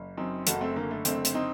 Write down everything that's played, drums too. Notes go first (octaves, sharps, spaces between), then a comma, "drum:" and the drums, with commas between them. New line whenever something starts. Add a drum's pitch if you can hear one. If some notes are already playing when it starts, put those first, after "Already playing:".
Already playing: F#1
F#2 C4 D#4
F#1 F#4 A4, drum: hi-hat
A3 C4
D3 A#3
A3
F#1 A3 C4, drum: hi-hat
drum: hi-hat
C4 D#4